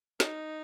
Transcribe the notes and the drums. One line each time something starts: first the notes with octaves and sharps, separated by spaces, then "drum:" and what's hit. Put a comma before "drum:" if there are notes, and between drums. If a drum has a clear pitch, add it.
D#4, drum: snare